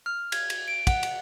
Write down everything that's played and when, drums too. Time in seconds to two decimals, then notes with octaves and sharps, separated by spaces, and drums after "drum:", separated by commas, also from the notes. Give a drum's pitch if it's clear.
0.06 F6
0.32 G#6, drum: cymbal
0.50 drum: cymbal
0.68 D7
0.87 F#5, drum: kick, cymbal
1.03 drum: cymbal